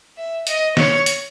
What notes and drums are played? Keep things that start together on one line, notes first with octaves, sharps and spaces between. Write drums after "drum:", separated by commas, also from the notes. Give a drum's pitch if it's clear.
E5
D#5, drum: hi-hat
C#5, drum: snare
drum: hi-hat